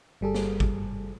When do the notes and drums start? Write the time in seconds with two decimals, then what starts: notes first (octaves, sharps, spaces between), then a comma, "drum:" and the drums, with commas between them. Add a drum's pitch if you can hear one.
0.21 G1 G3 G#4 A4
0.35 drum: snare
0.60 drum: kick G#1